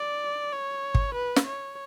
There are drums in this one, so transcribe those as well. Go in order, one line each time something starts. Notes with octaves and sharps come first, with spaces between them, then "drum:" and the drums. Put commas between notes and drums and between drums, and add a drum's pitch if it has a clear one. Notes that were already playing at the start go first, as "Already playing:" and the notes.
Already playing: D5
C#5
drum: kick
B4
drum: snare
C#5